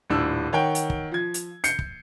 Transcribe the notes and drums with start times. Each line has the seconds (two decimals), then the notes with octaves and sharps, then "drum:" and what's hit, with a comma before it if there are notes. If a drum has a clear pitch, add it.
0.10 D#1 A2 D4 E6
0.53 D#3 C#5 F#5 G5
0.75 drum: hi-hat
0.90 drum: kick
1.12 F3 G#6
1.34 drum: hi-hat
1.64 G6 C7 C#7, drum: hi-hat
1.79 drum: kick